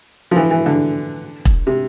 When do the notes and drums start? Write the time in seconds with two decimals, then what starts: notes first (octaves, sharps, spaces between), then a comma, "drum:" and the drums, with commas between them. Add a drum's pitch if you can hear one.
0.31 F3
0.36 E3
0.50 E3
0.66 D3
1.45 drum: kick E1
1.67 C3